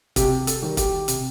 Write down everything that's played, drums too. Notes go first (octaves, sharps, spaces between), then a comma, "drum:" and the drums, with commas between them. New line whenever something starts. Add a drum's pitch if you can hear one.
C3 G4, drum: kick, hi-hat
A4, drum: hi-hat
D#3 G3
G4, drum: kick, hi-hat
C3, drum: hi-hat